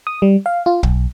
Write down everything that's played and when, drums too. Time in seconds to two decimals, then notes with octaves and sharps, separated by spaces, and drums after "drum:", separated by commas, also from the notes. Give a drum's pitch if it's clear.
0.07 D#6
0.22 G3
0.46 F5
0.66 F4
0.83 B1, drum: kick